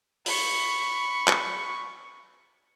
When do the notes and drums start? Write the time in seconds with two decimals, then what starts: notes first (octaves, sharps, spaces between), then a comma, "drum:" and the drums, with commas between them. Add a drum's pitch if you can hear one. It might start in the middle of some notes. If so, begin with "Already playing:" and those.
0.26 B5 C#6, drum: open hi-hat
1.28 drum: clap